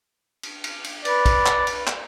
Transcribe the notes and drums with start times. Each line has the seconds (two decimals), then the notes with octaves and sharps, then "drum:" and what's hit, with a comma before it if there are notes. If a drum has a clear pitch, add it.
0.43 drum: cymbal
0.64 drum: cymbal
0.84 drum: cymbal
1.05 B4 D5, drum: cymbal
1.26 drum: kick, cymbal
1.46 drum: clap
1.67 drum: cymbal
1.87 drum: clap